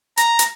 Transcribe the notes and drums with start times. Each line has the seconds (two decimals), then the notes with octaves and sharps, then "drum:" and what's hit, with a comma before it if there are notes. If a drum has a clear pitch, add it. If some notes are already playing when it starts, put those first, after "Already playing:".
0.17 A#5, drum: hi-hat
0.39 drum: hi-hat